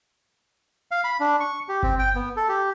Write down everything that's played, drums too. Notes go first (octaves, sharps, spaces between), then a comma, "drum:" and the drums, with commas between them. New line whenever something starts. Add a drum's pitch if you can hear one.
F5
B5
D4
C#6
G4
C4, drum: kick G1
G5
B3
A4
G4